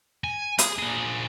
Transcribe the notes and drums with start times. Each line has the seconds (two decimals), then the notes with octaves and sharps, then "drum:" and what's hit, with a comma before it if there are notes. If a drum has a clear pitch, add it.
0.24 G#5
0.59 G#4, drum: hi-hat
0.78 A#2 G#4